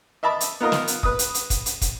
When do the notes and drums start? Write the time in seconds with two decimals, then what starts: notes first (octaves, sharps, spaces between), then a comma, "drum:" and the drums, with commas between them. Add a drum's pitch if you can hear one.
0.23 D#5 E5 A5 B5 D6
0.41 drum: hi-hat
0.61 B3 D#4 F4 A#4 D#5
0.72 drum: snare
0.88 drum: hi-hat
1.03 B4 D#6, drum: kick
1.19 drum: hi-hat
1.35 drum: hi-hat
1.50 drum: kick, hi-hat
1.66 drum: hi-hat
1.81 drum: kick, hi-hat